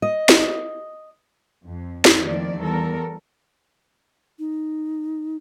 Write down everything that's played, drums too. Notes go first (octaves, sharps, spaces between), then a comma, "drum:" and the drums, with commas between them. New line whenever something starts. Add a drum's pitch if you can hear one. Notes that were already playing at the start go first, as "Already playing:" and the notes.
D#5
drum: snare
F2
drum: snare
F2 D#3 F3 A3 A#3 D5
E2 G3 A4 A#4
D#4